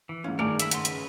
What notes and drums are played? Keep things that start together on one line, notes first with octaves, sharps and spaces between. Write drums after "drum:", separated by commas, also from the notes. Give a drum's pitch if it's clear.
E3
G#2 C#4 F4
G2 D#3 A3 G#4 A#4 D5
E5 B5, drum: hi-hat
C#3 B4 F#5 C6, drum: hi-hat
drum: hi-hat